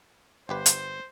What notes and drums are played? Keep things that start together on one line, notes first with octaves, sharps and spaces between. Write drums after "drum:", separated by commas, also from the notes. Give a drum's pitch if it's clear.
G1 G4 B4 C5
drum: hi-hat